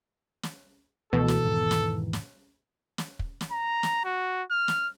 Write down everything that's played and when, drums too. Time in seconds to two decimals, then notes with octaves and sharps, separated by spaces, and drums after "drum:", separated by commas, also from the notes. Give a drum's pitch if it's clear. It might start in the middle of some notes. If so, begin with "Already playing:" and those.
0.43 drum: snare
1.13 C#2 B2 E3 F3 A3 A4
1.28 drum: snare
1.44 E1 G#2 D#3
1.71 drum: snare
2.13 drum: snare
2.98 drum: snare
3.19 drum: kick
3.41 drum: snare
3.52 A#5
3.83 drum: snare
4.04 F#4
4.51 F6
4.68 drum: snare